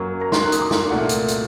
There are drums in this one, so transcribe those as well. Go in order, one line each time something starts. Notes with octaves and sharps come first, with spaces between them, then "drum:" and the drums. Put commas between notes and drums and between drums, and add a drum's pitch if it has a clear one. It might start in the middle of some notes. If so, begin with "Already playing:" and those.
Already playing: F#2 F#3 A#3
A#5
C6, drum: snare
F#6
D#6, drum: hi-hat
D6
C6, drum: snare
C2 A#2 A3 F#5
drum: hi-hat
drum: hi-hat